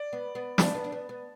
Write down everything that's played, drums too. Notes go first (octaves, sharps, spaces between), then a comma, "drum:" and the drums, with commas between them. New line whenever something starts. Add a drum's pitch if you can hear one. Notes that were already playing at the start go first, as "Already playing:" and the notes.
Already playing: D5
B3
B3
D4 A5, drum: snare
B3
D4
B3
B3